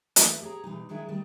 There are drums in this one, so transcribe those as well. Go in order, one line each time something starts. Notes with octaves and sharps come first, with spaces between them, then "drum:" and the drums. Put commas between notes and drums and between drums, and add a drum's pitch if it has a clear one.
E3 G#3 A3 E4 A4 B4, drum: hi-hat
G4 G#4 C#5 A#5
B2 E3 G3 D#4
D#3 F#3 G#3 D4 E4 G#4
D#3 G3 A3